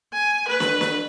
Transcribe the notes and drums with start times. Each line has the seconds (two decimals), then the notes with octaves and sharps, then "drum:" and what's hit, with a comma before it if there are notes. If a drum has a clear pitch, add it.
0.13 G#5
0.48 B4
0.60 drum: snare
0.81 drum: snare